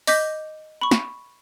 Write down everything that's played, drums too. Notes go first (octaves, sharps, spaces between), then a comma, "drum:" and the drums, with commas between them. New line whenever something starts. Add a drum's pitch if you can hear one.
D#5 D6 G6 A#6 B6, drum: open hi-hat
B5 C#6
drum: snare